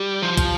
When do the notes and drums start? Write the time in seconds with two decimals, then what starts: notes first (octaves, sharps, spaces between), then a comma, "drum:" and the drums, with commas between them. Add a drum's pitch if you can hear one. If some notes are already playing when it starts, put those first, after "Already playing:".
Already playing: G3
0.22 F3
0.37 drum: kick, hi-hat